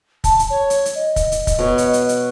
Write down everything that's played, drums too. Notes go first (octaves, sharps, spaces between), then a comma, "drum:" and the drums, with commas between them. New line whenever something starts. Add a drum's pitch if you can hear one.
A5, drum: kick, hi-hat
drum: hi-hat
C#5
drum: hi-hat
drum: hi-hat
D#5
drum: kick, hi-hat
drum: hi-hat
drum: kick, hi-hat
B2 C#5
drum: hi-hat
drum: hi-hat
drum: hi-hat